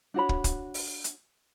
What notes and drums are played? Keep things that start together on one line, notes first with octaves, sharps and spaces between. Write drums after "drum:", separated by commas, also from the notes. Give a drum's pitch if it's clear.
D4 F#4 C#5 B5
drum: kick
drum: kick, hi-hat
drum: open hi-hat
drum: hi-hat